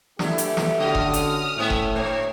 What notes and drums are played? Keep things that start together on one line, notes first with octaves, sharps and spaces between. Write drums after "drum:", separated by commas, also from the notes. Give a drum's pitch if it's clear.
E2 A3 D4 E4 G4, drum: snare
drum: hi-hat
drum: snare
D3 C#4 F#4 D#5 D#6 F6
drum: kick F#1
drum: hi-hat
A2 A3 A#3 E5
drum: kick F#1
D2 A3 C#5